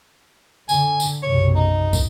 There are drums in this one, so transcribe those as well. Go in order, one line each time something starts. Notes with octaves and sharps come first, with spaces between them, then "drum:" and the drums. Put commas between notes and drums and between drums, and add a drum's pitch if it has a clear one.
D3 G#5, drum: tambourine
drum: tambourine
B1 F#2 C3 C#5
D#4
drum: kick, tambourine